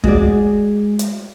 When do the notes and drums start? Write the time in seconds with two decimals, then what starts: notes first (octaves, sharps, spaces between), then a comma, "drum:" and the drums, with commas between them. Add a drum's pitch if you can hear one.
0.04 G#3 F#4 G#4 D5, drum: kick
0.99 drum: hi-hat